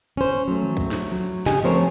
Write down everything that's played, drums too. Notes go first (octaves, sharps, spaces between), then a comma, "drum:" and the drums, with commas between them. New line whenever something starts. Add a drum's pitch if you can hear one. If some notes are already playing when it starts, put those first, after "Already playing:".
C#4 C5
F#3 A3
drum: tom D#3
drum: kick
drum: snare
F#3
C#3 G4 D#5 G#5, drum: snare
F3 A3 C4 A#4 C5 C#5